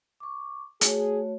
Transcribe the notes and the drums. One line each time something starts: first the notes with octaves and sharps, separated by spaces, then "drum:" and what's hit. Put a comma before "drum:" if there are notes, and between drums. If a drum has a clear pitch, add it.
C#6 D6
A3 F#4 G#4 C#5, drum: hi-hat